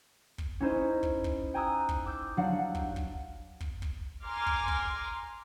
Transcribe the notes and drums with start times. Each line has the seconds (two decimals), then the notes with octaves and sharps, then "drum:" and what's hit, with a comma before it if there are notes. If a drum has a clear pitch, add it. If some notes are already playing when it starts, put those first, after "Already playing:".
0.38 drum: kick
0.60 C#4 D#4 E4 C5 D#5
1.03 drum: kick
1.24 drum: kick
1.54 G5 G#5 A#5 D#6 E6 F#6
1.89 drum: kick
2.06 D6 E6 G6
2.37 F#3 G3 D4 F5 F#5
2.75 drum: kick
2.96 drum: kick
3.61 drum: kick
3.82 drum: kick
4.25 G#5 A#5 C6 D6 F6
4.46 drum: kick
4.68 drum: kick